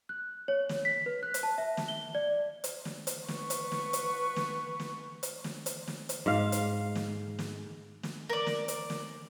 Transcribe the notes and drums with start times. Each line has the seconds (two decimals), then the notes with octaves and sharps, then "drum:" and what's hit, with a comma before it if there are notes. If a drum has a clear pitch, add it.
0.09 F#6
0.48 C#5
0.69 drum: snare
0.85 B6
1.06 B4
1.23 F#6
1.34 drum: hi-hat
1.43 A5
1.58 E5
1.77 drum: snare
1.88 G7
2.15 D5
2.64 drum: hi-hat
2.85 drum: snare
3.07 drum: hi-hat
3.28 B4 C#6, drum: snare
3.50 drum: hi-hat
3.72 drum: snare
3.93 drum: hi-hat
4.36 drum: snare
4.80 drum: snare
5.23 drum: hi-hat
5.44 drum: snare
5.66 drum: hi-hat
5.87 drum: snare
6.09 drum: hi-hat
6.26 G#2 F5
6.52 drum: hi-hat
6.95 drum: snare
7.39 drum: snare
8.03 drum: snare
8.29 A#4 D5
8.47 drum: snare
8.68 drum: hi-hat
8.90 drum: snare